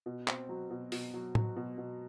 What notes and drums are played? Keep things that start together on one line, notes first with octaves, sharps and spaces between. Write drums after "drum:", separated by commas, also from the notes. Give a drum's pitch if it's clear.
B2
C4, drum: clap
F#3
B2
B2, drum: open hi-hat
F#3
F#3, drum: tom A2
B2
B2